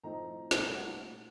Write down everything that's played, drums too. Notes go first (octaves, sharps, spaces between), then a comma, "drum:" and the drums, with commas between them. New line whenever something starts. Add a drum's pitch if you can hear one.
A2 F3 A3 C4 D#4 A#5
C2 A#2 F#3 A3 A5, drum: snare
F#5